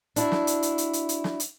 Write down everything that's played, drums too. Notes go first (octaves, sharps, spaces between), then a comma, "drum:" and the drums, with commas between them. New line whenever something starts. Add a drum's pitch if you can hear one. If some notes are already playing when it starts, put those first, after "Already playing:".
D4 E4 F#4, drum: hi-hat
drum: snare
drum: hi-hat
drum: hi-hat
drum: hi-hat
drum: hi-hat
drum: hi-hat
drum: snare
drum: hi-hat